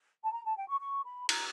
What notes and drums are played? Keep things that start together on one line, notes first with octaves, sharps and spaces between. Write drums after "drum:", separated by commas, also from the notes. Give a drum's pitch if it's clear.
A5
A#5
A5
G5
C#6
C#6
B5
A#5, drum: cymbal